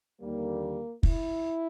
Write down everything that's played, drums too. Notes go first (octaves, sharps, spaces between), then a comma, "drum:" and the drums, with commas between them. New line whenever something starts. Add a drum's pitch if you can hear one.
D#2 D3 G3 A#3
E4, drum: kick